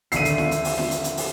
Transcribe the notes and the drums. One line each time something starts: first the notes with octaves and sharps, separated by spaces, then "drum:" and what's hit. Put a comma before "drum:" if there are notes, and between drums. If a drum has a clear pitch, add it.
A#1 D#2 D3 E5 E6 C7 D#7, drum: hi-hat
drum: hi-hat
drum: snare
drum: hi-hat
drum: open hi-hat
drum: snare
drum: hi-hat
drum: hi-hat
drum: open hi-hat